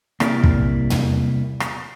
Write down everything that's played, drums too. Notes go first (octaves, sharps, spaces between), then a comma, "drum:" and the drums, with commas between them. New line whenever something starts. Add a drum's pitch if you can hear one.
C2 C3 A#3 E4 D5, drum: rim click
drum: kick
drum: tom
drum: rim click